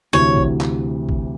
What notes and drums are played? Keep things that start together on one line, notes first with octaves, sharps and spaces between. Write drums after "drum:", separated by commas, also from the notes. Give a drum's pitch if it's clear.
D2 C3 E3 C#5
drum: kick
drum: clap
drum: kick